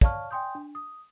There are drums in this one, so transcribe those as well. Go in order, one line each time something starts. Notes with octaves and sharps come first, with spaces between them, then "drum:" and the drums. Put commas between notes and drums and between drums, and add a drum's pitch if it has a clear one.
C#5 D5 F5 A5 C#6 F6, drum: kick
D5 G5 G#5 C6 D#6 G6
D4
D#6